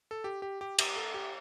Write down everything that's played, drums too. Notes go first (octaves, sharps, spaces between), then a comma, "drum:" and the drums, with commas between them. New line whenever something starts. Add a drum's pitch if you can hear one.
A4
G4
G4
G4
G4, drum: cymbal
A4
G4